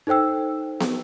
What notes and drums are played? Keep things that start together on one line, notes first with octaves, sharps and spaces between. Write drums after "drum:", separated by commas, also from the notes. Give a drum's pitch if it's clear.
D#4 A4 C5 G5 E6
drum: snare